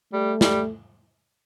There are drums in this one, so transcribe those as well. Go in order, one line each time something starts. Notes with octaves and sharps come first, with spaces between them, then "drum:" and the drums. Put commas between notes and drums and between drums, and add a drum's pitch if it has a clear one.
G3 A3
G3, drum: snare